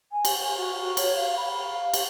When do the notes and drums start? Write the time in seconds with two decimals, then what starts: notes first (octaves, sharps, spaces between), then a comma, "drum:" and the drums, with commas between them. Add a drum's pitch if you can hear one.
0.12 G#5
0.25 drum: cymbal
0.41 G#5
0.57 F#4
0.78 F#4
0.97 C#5, drum: cymbal
1.16 F5
1.37 B5
1.63 F5
1.94 drum: cymbal